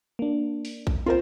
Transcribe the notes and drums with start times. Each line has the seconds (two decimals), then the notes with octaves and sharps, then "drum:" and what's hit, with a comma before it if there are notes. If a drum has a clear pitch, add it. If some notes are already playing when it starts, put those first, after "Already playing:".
0.19 A#3 D4
0.65 drum: open hi-hat
0.87 drum: kick A#1
1.06 C4 F4 A#4 C5